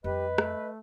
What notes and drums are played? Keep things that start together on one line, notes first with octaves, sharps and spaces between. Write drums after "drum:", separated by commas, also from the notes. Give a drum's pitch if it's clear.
F2 G3 G4 B4 D#5
A3, drum: rim click